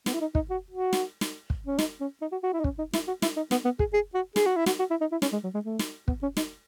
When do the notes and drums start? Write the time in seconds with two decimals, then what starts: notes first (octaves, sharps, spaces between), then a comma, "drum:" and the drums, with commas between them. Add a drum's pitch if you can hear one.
0.06 B3, drum: snare
0.14 E4
0.21 D#4
0.35 D#4, drum: kick
0.50 F#4
0.71 F#4
0.93 drum: snare
1.21 drum: snare
1.50 drum: kick
1.67 C#4
1.79 D#4, drum: snare
2.00 C#4
2.21 D#4
2.32 F#4
2.43 F#4
2.53 E4
2.60 D#4
2.64 C#4, drum: kick
2.78 D#4
2.93 E4, drum: snare
3.08 F#4
3.22 E4, drum: snare
3.36 D#4
3.51 B3, drum: snare
3.65 B3
3.79 G#4, drum: kick
3.93 G#4
4.14 F#4
4.36 G#4, drum: snare
4.46 F#4
4.56 E4
4.66 F#4, drum: snare
4.79 F#4
4.90 E4
5.01 D#4
5.12 E4
5.22 C#4, drum: snare
5.32 G#3
5.44 F#3
5.54 G#3
5.65 A3
5.79 drum: snare
6.08 B3, drum: kick
6.22 C#4
6.37 D#4, drum: snare